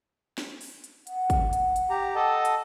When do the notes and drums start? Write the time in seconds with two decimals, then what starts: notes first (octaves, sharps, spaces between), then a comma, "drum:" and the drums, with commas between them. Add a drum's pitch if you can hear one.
0.38 drum: snare
0.61 drum: open hi-hat
0.84 drum: hi-hat
1.07 F#5, drum: hi-hat
1.30 drum: kick, hi-hat
1.53 drum: hi-hat
1.76 drum: hi-hat
1.90 G4 A#5
2.15 A4 D#5 A5
2.45 drum: hi-hat